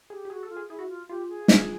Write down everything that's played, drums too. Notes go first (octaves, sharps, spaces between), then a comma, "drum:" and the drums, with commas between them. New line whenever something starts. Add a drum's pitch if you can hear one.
G4 G#4
G4
F#4 G#4
A4
F4
G#4
E4 G#4
F#4
F4
F4 G4
G#4
drum: snare